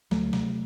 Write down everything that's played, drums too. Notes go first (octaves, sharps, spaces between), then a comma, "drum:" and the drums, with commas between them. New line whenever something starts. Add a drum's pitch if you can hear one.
D2 F#3 A3, drum: snare
C3, drum: snare